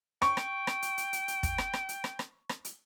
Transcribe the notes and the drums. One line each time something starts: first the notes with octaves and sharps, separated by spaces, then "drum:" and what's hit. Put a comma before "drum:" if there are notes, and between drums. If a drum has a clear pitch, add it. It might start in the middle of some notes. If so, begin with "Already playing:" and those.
G5 C#6, drum: rim click
drum: rim click
drum: rim click
drum: hi-hat
drum: hi-hat
drum: hi-hat
drum: hi-hat
drum: kick, hi-hat
drum: rim click
drum: rim click
drum: hi-hat
drum: rim click
drum: rim click
drum: rim click
drum: hi-hat